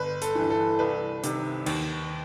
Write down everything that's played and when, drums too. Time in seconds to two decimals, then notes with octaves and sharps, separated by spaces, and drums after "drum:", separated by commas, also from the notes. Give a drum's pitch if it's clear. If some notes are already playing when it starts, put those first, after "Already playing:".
Already playing: G1 B4
0.22 A4, drum: hi-hat
0.35 G2 E3
0.50 A4
0.79 C2 B4
1.24 C3 D#3, drum: hi-hat
1.66 D#2, drum: cymbal